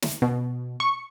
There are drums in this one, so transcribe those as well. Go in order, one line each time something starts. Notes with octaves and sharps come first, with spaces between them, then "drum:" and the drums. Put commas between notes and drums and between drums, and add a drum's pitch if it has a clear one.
drum: snare
B2
C#6